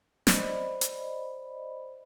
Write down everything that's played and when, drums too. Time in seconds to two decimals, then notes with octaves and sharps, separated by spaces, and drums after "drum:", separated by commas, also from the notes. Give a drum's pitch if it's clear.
0.27 C5 D5 D#5 B5, drum: snare
0.81 drum: hi-hat